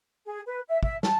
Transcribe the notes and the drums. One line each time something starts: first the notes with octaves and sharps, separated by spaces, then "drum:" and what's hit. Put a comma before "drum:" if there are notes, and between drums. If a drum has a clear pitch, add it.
G#4
B4
E5
E5, drum: kick
A5, drum: snare